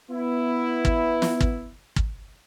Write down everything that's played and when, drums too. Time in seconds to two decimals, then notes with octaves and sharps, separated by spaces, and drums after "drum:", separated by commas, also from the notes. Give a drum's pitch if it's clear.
0.10 B3 E4
0.85 drum: kick
1.22 drum: snare
1.41 drum: kick
1.96 drum: kick